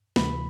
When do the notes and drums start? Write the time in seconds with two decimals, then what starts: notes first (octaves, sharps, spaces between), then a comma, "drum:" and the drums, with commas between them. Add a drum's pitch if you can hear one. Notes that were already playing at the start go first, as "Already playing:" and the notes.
0.16 D2 C3 E3 B5, drum: snare